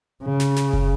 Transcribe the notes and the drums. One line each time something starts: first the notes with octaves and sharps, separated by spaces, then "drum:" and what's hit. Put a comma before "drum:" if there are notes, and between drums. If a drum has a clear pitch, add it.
C#3
drum: snare
drum: snare
drum: kick